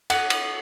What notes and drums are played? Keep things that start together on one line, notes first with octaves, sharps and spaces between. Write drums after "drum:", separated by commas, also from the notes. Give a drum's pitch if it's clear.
F#5, drum: cymbal
drum: cymbal